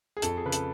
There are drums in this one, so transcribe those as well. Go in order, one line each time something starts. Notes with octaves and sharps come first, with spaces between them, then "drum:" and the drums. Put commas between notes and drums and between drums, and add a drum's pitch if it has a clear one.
G#4
F2 A4, drum: hi-hat
G#4
C#3 B4
A4, drum: hi-hat